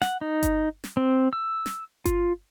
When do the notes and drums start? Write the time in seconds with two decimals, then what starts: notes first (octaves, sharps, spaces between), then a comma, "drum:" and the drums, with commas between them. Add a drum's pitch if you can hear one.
0.02 F#5, drum: snare
0.21 D#4
0.43 drum: kick G1, hi-hat
0.84 drum: snare
0.97 C4
1.33 E6
1.66 drum: snare
2.05 F4, drum: kick G1, hi-hat